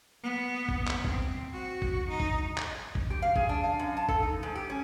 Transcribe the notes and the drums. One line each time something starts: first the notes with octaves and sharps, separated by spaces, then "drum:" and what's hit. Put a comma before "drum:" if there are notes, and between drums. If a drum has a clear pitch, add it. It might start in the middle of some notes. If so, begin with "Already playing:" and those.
B3
drum: kick
drum: clap
C4, drum: kick
F#4
drum: kick
D#4
drum: kick
drum: clap
drum: kick
G4
F5
G#4, drum: kick
D4
F5
F#2
A5
A4, drum: kick
D#4
G#2
G4
C#4